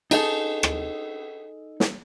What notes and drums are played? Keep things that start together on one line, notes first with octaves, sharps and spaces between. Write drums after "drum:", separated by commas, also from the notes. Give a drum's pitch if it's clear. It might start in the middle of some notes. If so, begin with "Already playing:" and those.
D#4 G#4 A4, drum: cymbal
drum: rim click
drum: snare